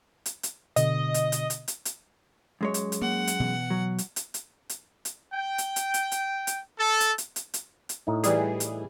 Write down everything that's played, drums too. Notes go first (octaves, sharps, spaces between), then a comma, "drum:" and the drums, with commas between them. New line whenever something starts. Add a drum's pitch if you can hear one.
drum: hi-hat
drum: hi-hat
B2 D3 D#5, drum: hi-hat
drum: hi-hat
drum: hi-hat
drum: hi-hat
drum: hi-hat
drum: hi-hat
F#2 G#3 C#5
drum: hi-hat
drum: hi-hat
A#3 F#5
drum: hi-hat
B2 E3
F#3
drum: hi-hat
drum: hi-hat
drum: hi-hat
drum: hi-hat
drum: hi-hat
G5
drum: hi-hat
drum: hi-hat
drum: hi-hat
drum: hi-hat
drum: hi-hat
A4
drum: hi-hat
drum: hi-hat
drum: hi-hat
drum: hi-hat
drum: hi-hat
A2 D#4
E3 G3 G#4, drum: hi-hat
drum: hi-hat